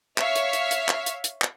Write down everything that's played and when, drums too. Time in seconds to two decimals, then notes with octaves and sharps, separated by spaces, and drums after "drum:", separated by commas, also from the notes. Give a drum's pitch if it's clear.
0.18 C#5 E5 F5, drum: clap
0.36 drum: hi-hat
0.53 drum: hi-hat
0.71 drum: hi-hat
0.89 drum: clap
1.06 drum: hi-hat
1.24 drum: hi-hat
1.42 drum: clap